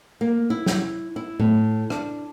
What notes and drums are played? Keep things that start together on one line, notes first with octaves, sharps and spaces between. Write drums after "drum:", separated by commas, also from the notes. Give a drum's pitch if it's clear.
A#3
E4
drum: snare
E4
A2, drum: tom A2
D4, drum: rim click